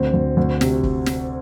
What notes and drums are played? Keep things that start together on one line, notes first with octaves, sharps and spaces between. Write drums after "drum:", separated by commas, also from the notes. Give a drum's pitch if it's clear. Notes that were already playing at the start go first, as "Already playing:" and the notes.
Already playing: D2 C4
D2
D2
C3, drum: snare
drum: kick
drum: snare